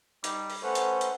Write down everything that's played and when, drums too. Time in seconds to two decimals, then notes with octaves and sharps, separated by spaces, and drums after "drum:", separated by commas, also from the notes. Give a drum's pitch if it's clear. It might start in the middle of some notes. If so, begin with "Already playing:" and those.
0.24 G3 D#4, drum: hi-hat
0.50 drum: open hi-hat
0.63 A3 C#4 A4 B4 C5 F#5
0.75 drum: hi-hat
1.01 drum: hi-hat